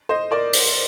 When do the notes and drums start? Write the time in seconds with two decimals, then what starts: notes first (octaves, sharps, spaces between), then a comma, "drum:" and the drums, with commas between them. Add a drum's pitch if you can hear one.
0.09 C5 D#5
0.31 A#4 D5
0.53 drum: open hi-hat